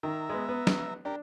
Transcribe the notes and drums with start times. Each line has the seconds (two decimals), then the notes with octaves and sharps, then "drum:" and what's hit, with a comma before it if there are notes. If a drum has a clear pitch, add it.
0.03 D#3 E5 A#5
0.30 G#3 B3
0.49 B3
0.67 drum: snare
1.05 D4 G4 A#4